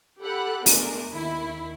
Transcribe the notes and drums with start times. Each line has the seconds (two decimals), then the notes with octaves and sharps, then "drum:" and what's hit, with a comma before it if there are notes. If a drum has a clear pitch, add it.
0.22 G4 A4 F#5 B5 F#6
0.66 G#3 A3 B3 D4 A#4, drum: open hi-hat
1.11 D#2 D#3 E4